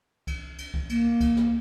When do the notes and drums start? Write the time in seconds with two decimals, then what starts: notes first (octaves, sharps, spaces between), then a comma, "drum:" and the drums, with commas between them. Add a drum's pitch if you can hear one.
0.27 drum: kick C2, cymbal
0.58 drum: cymbal
0.74 drum: kick C2
0.89 A#3, drum: cymbal
1.21 drum: kick C2, cymbal
1.36 drum: rim click